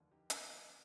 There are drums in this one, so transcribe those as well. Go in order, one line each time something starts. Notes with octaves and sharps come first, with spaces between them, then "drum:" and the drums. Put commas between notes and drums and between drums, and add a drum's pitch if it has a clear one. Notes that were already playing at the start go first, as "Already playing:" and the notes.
Already playing: F1 D#2 D3
D#4 G4
F4 A4, drum: hi-hat